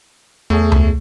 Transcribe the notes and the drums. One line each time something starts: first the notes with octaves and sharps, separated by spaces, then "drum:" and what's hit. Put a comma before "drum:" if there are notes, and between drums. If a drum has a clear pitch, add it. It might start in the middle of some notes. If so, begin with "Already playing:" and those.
E2 A3 G#4
drum: tom C#2